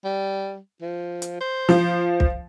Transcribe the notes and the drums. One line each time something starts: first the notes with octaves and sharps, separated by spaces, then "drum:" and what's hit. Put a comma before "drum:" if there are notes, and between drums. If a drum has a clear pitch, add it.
G3
F3
drum: hi-hat
C5
F3, drum: snare
drum: kick